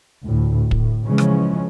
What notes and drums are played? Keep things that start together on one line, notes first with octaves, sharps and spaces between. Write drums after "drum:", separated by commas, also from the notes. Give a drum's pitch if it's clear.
D2 A2
A2, drum: kick
C#3 E3 F3 G#3 C#4
drum: rim click